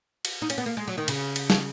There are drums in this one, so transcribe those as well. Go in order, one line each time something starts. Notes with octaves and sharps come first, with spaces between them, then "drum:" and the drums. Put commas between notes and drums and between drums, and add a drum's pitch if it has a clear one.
drum: cymbal
D#4
C#4, drum: cymbal
B3
A#3
G#3
F#3
D#3
C#3, drum: cymbal
drum: cymbal
drum: snare